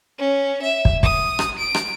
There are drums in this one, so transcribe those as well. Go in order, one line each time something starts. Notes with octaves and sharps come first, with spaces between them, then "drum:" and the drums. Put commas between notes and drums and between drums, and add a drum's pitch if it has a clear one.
C#4
E5
drum: kick
D#6, drum: kick
drum: rim click
D7
drum: rim click